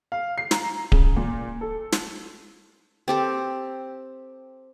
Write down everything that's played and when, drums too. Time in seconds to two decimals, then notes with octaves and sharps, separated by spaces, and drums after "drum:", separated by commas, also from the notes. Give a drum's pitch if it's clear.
0.12 F5
0.38 C7
0.51 A#5, drum: snare
0.92 C#3, drum: kick D1
1.17 A#2
1.61 A4
1.92 drum: snare
3.08 C4 G4 A4